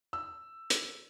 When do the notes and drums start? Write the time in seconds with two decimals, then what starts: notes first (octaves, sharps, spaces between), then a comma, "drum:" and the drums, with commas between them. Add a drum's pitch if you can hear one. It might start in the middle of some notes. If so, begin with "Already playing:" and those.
0.13 E6
0.70 drum: hi-hat